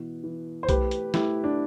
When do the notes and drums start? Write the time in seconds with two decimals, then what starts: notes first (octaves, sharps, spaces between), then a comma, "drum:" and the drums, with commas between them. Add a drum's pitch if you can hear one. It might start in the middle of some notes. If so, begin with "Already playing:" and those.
Already playing: B2 E3
0.24 E3
0.63 C5
0.69 A3 G4 B4, drum: kick B1, hi-hat
0.91 drum: hi-hat
1.14 A3 E4 G4, drum: snare
1.44 D4